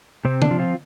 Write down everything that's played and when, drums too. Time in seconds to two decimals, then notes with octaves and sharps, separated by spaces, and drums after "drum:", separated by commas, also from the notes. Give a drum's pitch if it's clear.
0.25 C3 C4
0.42 D4, drum: tom D3
0.51 F3
0.59 C4 F4